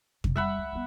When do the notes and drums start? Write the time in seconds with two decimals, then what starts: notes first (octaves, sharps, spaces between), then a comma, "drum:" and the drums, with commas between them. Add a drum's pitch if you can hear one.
0.24 C3, drum: kick F2
0.36 G3 C#4 E5 F#5 B5
0.58 C#2
0.72 G3 B3